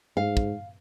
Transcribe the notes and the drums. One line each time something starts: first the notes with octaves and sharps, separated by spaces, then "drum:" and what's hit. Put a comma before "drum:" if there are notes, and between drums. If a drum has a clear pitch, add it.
G#2 F5
drum: kick